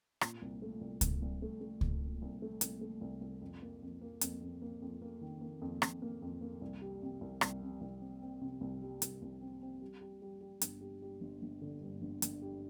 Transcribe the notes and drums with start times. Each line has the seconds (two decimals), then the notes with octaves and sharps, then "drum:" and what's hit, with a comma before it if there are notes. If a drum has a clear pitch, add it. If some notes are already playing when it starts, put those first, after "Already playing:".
0.21 A#2, drum: rim click
0.42 C2
0.62 A3
0.81 C2
1.01 C2, drum: kick C#2, hi-hat
1.22 C2
1.42 A3
1.61 A3
1.81 A#2, drum: kick C#2
2.02 A#2
2.22 C2
2.42 A3
2.61 C2, drum: hi-hat
2.81 A3
3.01 C2
3.21 C2
3.41 F2
3.62 A#3
3.82 F2
4.01 A#3
4.21 F2, drum: hi-hat
4.41 F2
4.62 A#3
4.82 F2
5.02 A#3
5.21 D#3
5.41 A#3
5.62 F2
5.82 F2, drum: rim click
6.02 A#3
6.22 F2
6.41 A#3
6.61 C2
6.82 G3
7.02 C3
7.21 C2
7.41 C2, drum: rim click
7.62 C3
7.81 C2
8.01 C4
8.22 C4
8.41 C3
8.61 C2
8.82 G3
9.02 C2, drum: hi-hat
9.22 C2
9.41 C4
9.62 C4
9.81 G3
10.01 G3
10.22 G3
10.41 G3
10.61 G1, drum: hi-hat
10.81 G3
11.02 G3
11.21 G1
11.42 G1
11.62 D3
11.81 G2
12.01 G1
12.22 G1, drum: hi-hat
12.42 G3